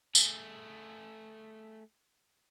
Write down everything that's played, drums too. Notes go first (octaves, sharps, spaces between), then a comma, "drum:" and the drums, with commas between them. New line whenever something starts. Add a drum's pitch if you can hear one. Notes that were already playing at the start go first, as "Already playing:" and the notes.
A3 G#4, drum: tambourine